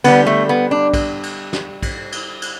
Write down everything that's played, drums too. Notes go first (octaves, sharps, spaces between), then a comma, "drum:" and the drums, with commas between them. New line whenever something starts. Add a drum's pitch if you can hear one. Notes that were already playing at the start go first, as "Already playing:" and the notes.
D3 G3 B3, drum: cymbal
A3
B3
D4
drum: kick, cymbal
drum: cymbal
drum: snare
drum: kick, cymbal
drum: cymbal
drum: cymbal